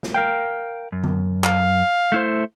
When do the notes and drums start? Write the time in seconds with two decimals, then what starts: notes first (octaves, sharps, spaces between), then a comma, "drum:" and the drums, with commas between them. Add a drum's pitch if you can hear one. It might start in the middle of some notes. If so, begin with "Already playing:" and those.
0.03 drum: snare
0.14 A#4 F5 G5
0.92 F#2
1.03 drum: tom D3
1.44 F5, drum: clap
2.12 A3 E4 C5